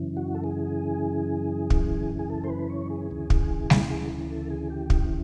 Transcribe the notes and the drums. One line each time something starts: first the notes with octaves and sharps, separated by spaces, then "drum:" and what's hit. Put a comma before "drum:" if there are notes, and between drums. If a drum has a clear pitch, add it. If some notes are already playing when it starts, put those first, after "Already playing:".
Already playing: F#2 C#3 E3
F#4
A4
G#4
drum: kick
G#4
A4
C5
B4
C#5
G#4
D2 C#3 E3
drum: kick
drum: snare G3
G#4
A4
G#4
G4
drum: kick